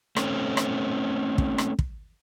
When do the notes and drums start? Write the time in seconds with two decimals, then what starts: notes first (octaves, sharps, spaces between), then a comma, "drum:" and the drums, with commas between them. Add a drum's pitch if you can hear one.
0.16 A3 C4 C#4, drum: rim click
0.57 drum: rim click
1.38 drum: kick
1.58 drum: rim click
1.79 drum: kick